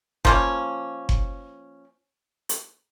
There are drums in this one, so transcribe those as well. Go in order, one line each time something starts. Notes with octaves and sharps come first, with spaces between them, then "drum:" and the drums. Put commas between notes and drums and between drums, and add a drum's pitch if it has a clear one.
F3 A#3 C#4, drum: kick F#1
drum: kick F#1
drum: hi-hat